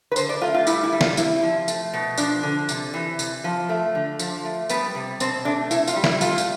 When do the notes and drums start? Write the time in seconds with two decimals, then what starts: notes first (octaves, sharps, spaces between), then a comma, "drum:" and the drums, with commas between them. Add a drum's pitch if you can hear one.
0.12 B4
0.16 D3 C5, drum: tambourine
0.29 D5
0.41 A3 F4
0.54 F4
0.67 G3 E4, drum: tambourine
0.83 E4
0.92 G3
1.01 F4, drum: snare
1.17 C3 E4, drum: tambourine
1.42 F3
1.68 A3, drum: tambourine
1.93 B2
2.18 F3 D4, drum: tambourine
2.43 D3
2.69 C3, drum: tambourine
2.94 E3
3.19 C3, drum: tambourine
3.44 F3
3.69 A3
3.95 D3
4.19 F3, drum: tambourine
4.45 A3
4.69 G3 B3, drum: tambourine
4.95 C3
5.20 B2 C4, drum: tambourine
5.45 A3 D4
5.71 C3 E4, drum: tambourine
5.87 F4, drum: tambourine
5.96 G3
6.04 E4, drum: snare
6.21 A3 F4, drum: tambourine
6.38 drum: tambourine